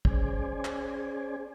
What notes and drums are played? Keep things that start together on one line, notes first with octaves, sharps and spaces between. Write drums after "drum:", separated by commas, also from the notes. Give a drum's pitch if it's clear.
C#4 G#4 C5 D5 G#5, drum: kick
drum: clap